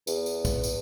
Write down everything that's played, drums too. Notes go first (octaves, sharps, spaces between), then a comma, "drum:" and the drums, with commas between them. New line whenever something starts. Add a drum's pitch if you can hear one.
E2, drum: tambourine
drum: tambourine
drum: kick, tambourine
drum: tambourine